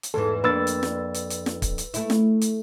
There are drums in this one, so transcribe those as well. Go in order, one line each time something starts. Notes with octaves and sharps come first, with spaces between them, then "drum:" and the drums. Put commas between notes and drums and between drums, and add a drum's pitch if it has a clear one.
drum: hi-hat
E2 G#2 E3 A4
F2 A#3 D4 B4 E6 A6
drum: hi-hat
drum: snare
drum: hi-hat
drum: hi-hat
drum: snare
drum: kick, hi-hat
drum: hi-hat
A3 E4, drum: hi-hat
drum: snare
drum: hi-hat